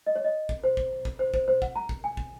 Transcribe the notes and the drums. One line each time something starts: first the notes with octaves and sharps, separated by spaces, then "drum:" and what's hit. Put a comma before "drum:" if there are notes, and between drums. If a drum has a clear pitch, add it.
D#5
C#5
D#5
drum: kick
C5
drum: kick
drum: kick
C5
C5, drum: kick
C5
F#5, drum: kick
A#5
drum: kick
G#5
drum: kick